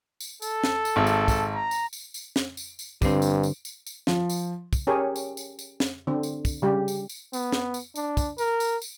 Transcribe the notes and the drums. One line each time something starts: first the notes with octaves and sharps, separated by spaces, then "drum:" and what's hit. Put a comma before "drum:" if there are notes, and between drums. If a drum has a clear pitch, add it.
drum: tambourine
A4, drum: tambourine
drum: snare
drum: tambourine
G#1
drum: tambourine
drum: kick, tambourine
A#5
drum: tambourine
drum: tambourine
drum: tambourine
drum: snare
drum: tambourine
drum: tambourine
G2 D3 C4, drum: kick, tambourine
drum: tambourine
drum: tambourine
drum: tambourine
drum: tambourine
F3, drum: snare
drum: tambourine
drum: kick, tambourine
C#4 G4 G#4 A#4 C#5
drum: tambourine
drum: tambourine
drum: tambourine
drum: snare
D3 C4
drum: tambourine
drum: kick, tambourine
C#3 G3 G4
drum: tambourine
drum: tambourine
B3, drum: tambourine
drum: snare
drum: tambourine
D4, drum: tambourine
drum: kick, tambourine
A#4, drum: tambourine
drum: tambourine
drum: tambourine